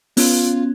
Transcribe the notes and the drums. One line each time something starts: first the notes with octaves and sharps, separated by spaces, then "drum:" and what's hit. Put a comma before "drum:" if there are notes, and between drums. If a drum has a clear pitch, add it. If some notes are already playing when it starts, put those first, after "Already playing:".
B3 C#4 F4, drum: open hi-hat